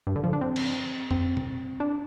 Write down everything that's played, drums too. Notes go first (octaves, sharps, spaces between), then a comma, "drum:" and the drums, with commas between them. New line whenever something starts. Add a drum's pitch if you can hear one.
G2
D3
F3
D4
C4
drum: cymbal
C4, drum: tom F2
drum: tom
D4